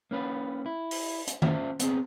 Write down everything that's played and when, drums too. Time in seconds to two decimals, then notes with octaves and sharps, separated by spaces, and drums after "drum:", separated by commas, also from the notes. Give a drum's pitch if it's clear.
0.11 A#3 C#4 B4
0.66 E4
0.91 drum: open hi-hat
1.27 drum: hi-hat
1.42 C#4 F4 C5 E5, drum: tom D#3
1.80 B3 C4 G#4, drum: hi-hat